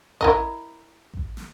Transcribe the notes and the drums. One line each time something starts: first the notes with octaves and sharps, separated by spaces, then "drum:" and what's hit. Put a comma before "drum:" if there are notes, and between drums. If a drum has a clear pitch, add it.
E4 A#4 D#5, drum: kick A1
drum: kick A1
drum: snare